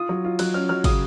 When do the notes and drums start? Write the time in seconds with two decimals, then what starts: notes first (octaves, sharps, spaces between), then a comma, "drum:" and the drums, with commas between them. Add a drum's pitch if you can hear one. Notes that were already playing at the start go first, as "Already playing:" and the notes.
Already playing: F4 D#6
0.09 F#3
0.25 F4
0.39 F#3 F#6, drum: cymbal
0.54 C#4 F6
0.69 F#3 F6
0.84 C#3 D#6, drum: kick, cymbal